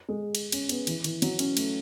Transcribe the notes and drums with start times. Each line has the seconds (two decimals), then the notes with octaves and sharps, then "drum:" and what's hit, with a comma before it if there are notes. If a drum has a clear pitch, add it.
0.09 G#3
0.35 drum: cymbal
0.52 C#4, drum: cymbal
0.69 B3, drum: cymbal
0.87 E3, drum: cymbal
1.04 E3, drum: cymbal
1.22 F#3, drum: cymbal
1.39 C#4, drum: cymbal
1.57 A3, drum: cymbal